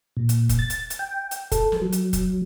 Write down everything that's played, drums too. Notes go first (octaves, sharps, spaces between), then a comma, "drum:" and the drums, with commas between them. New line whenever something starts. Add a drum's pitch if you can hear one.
A#2
drum: hi-hat
drum: kick F1, hi-hat
A6
drum: hi-hat
drum: hi-hat
G5
drum: hi-hat
A4, drum: kick F1, hi-hat
drum: snare
F#3
drum: hi-hat
drum: kick F1, hi-hat